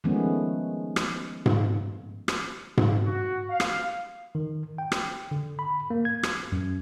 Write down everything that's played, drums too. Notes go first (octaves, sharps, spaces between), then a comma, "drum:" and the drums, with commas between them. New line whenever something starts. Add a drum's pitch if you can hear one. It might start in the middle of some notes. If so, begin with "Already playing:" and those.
D#3 F3 G#3 A3 B3 C#4
drum: rim click
drum: tom G#2
drum: rim click
drum: tom G#2
F#4
F5
drum: rim click
D#3
G5
drum: rim click
D3
B5
A#3
G#6
drum: rim click
F#2